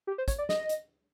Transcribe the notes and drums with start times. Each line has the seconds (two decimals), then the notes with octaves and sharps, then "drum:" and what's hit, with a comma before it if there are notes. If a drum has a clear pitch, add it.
0.07 G4
0.18 C5
0.28 C#5, drum: kick, hi-hat
0.38 D5
0.49 D#5, drum: snare
0.69 drum: hi-hat